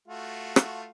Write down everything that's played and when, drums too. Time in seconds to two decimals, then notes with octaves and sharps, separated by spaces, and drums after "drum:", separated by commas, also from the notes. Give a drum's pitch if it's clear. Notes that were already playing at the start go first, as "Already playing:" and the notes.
0.08 A3 F4 F#4
0.56 drum: rim click